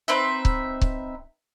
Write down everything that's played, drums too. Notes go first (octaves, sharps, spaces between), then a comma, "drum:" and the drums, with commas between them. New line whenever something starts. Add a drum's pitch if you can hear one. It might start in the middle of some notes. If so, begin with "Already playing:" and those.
C4 D#4 B4 E5
drum: kick C#1
drum: kick C#1